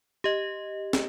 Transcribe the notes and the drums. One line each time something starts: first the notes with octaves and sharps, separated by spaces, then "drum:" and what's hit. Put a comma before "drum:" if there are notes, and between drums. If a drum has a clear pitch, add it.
G4 D#5
drum: snare